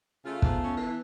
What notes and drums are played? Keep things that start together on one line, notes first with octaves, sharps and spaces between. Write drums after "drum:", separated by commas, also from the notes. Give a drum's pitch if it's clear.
C#3 A3 F4
G#2 B3 A5, drum: kick
C#4
E3